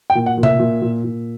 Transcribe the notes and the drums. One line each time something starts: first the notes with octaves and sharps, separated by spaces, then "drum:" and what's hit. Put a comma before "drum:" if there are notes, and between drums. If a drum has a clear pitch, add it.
G5
A#2
F#5
A#2
E5, drum: tom C3
A#2
A#2
A#2